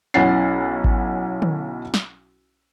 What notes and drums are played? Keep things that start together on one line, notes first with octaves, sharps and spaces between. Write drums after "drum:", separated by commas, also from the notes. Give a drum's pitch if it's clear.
B1 C#4 E4 F#5 A6 C7
drum: kick G#1
drum: tom D3
drum: snare